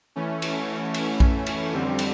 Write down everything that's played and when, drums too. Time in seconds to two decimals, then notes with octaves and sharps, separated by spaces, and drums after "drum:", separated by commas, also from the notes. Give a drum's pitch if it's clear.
0.16 E3 A3 C#4
0.42 drum: cymbal
0.94 drum: cymbal
1.20 drum: kick A#1
1.46 drum: cymbal
1.72 F2 D3 G3 C4
1.99 drum: cymbal